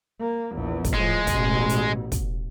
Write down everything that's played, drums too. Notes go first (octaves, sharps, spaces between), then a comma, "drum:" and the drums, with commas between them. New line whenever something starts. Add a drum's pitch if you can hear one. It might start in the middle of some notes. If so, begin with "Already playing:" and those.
A#3
A#1 E2
drum: kick, hi-hat
A2 F3 G#3
A1 B2, drum: kick, hi-hat
drum: hi-hat
drum: kick, hi-hat